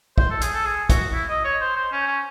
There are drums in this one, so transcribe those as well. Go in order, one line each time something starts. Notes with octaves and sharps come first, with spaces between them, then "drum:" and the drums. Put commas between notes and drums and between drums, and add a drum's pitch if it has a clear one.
C5, drum: kick
A4
G#4, drum: hi-hat
A4
G#4
F#4, drum: kick, hi-hat
E4
D#5
C#5
C5
C5
C#4
C#4